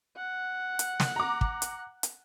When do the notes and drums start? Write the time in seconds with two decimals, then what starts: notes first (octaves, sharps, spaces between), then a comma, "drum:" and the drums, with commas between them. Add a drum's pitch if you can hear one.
0.17 F#5
0.79 drum: hi-hat
1.00 drum: snare
1.16 A#5 D6
1.41 drum: kick
1.62 drum: hi-hat
2.03 drum: hi-hat